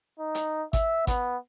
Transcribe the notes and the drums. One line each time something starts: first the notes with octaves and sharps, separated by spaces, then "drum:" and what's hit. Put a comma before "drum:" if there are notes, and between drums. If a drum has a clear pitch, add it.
D#4
drum: hi-hat
E5, drum: kick G#1, hi-hat
B3, drum: kick G#1, hi-hat